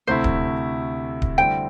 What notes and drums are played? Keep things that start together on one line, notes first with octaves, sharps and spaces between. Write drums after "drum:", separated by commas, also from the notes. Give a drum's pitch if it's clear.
D2 C3 A3 E4 C5
drum: kick D1
drum: kick D1
D2 D3 G3 C4 E4 G5